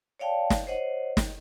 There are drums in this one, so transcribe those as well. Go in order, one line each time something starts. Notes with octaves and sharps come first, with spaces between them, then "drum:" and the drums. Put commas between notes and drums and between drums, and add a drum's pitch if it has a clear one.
C#5 D5 F5 G5 A5
drum: snare
C5 C#5 D#5 F#5
drum: snare